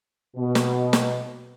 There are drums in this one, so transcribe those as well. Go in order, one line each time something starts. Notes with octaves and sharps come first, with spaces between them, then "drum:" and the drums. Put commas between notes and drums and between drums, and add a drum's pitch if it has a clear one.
B2
drum: snare
drum: snare